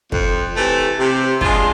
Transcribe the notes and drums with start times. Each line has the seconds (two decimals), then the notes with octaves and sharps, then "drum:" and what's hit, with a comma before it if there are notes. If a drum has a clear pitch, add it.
0.12 F2, drum: kick
0.55 C3 E3 A3
0.99 C3
1.41 G#3 D4 F4, drum: kick